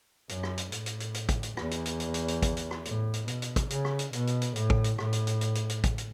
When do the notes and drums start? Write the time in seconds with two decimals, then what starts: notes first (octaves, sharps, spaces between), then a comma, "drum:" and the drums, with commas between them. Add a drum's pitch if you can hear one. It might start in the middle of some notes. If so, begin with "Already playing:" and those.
0.29 F#2, drum: hi-hat
0.43 drum: rim click
0.58 drum: hi-hat
0.72 A2, drum: hi-hat
0.86 drum: hi-hat
1.00 drum: hi-hat
1.14 drum: hi-hat
1.29 drum: kick, hi-hat
1.43 drum: hi-hat
1.57 E2, drum: rim click
1.71 drum: hi-hat
1.86 drum: hi-hat
2.00 drum: hi-hat
2.14 drum: hi-hat
2.28 drum: hi-hat
2.42 drum: kick, hi-hat
2.57 drum: hi-hat
2.71 drum: rim click
2.85 A2, drum: hi-hat
3.14 drum: hi-hat
3.28 B2, drum: hi-hat
3.42 drum: hi-hat
3.56 drum: kick, hi-hat
3.70 C#3, drum: hi-hat
3.85 drum: rim click
3.99 drum: hi-hat
4.13 B2, drum: hi-hat
4.27 drum: hi-hat
4.42 drum: hi-hat
4.56 A2, drum: hi-hat
4.70 drum: kick
4.84 drum: hi-hat
4.98 A2, drum: rim click
5.13 drum: hi-hat
5.27 drum: hi-hat
5.41 drum: hi-hat
5.55 drum: hi-hat
5.70 drum: hi-hat
5.84 drum: kick, hi-hat
5.98 drum: hi-hat